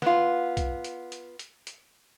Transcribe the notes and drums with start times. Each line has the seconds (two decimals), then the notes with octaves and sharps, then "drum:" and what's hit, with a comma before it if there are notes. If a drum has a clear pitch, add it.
0.02 B3 F4, drum: snare
0.57 drum: kick B1, hi-hat
0.84 drum: hi-hat
1.12 drum: hi-hat
1.39 drum: hi-hat
1.67 drum: hi-hat